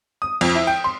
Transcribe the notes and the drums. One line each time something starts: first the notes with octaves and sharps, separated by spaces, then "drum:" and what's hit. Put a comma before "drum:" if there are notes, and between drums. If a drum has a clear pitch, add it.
D#6
F2, drum: cymbal
E4
G5
C6